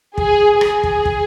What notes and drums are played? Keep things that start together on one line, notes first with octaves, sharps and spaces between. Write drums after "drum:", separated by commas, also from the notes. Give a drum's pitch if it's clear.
G#4, drum: kick
G#4, drum: rim click
drum: kick
drum: kick